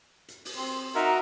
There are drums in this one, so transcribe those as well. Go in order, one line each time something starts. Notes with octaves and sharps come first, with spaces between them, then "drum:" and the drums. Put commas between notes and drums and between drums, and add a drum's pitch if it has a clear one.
drum: hi-hat
drum: open hi-hat
C4
D#4 F#4 A#4 E5, drum: hi-hat